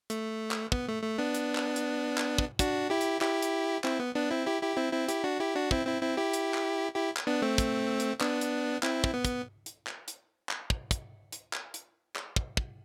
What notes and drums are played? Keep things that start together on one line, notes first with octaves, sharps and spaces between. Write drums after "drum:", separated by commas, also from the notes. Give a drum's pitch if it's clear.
A3, drum: hi-hat
drum: clap
B3, drum: kick
A3
A3
B3 D4
drum: hi-hat
drum: clap
drum: hi-hat
drum: clap
drum: kick
D4 F#4, drum: kick, hi-hat
E4 G4
drum: hi-hat
E4 G4, drum: clap
drum: hi-hat
C4 E4, drum: clap
B3
B3 D4
C4 E4
E4 G4
E4 G4
C4 E4
C4 E4
E4 G4, drum: hi-hat
D4 F#4
E4 G4
D4 F#4
C4 E4, drum: kick
C4 E4
C4 E4
E4 G4
drum: hi-hat
drum: clap
E4 G4
drum: clap
B3 D4
A3 C4
drum: kick, hi-hat
drum: hi-hat
B3 D4, drum: clap
drum: hi-hat
C4 E4, drum: clap
drum: kick
B3
drum: kick, hi-hat
drum: hi-hat
drum: clap
drum: hi-hat
drum: clap
drum: kick
drum: kick, hi-hat
drum: hi-hat
drum: clap
drum: hi-hat
drum: clap
drum: kick
drum: kick